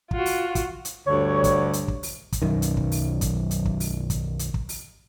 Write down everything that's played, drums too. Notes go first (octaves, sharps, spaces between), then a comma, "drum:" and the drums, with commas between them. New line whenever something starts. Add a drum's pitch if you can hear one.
F4 F#4, drum: kick
drum: open hi-hat
drum: kick, hi-hat
drum: hi-hat
D2 G2 D3 C#5
drum: kick, hi-hat
drum: hi-hat
drum: kick
drum: open hi-hat
drum: kick, hi-hat
B1 F#2 D#3
drum: hi-hat
drum: kick
drum: open hi-hat
drum: kick, hi-hat
drum: hi-hat
drum: kick
drum: open hi-hat
drum: kick, hi-hat
drum: hi-hat
drum: kick
drum: open hi-hat